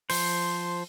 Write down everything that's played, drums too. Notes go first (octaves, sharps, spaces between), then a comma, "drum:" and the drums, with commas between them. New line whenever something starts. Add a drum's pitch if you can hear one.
F3 C5, drum: open hi-hat